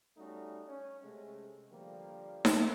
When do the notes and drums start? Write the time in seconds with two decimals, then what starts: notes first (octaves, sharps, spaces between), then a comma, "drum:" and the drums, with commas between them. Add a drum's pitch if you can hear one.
0.18 G3 A3 C#4 D#4 F#4
0.68 C#4
1.04 C3 G#3 A3
1.72 D3 F3 G3 A#3
2.45 drum: snare D#4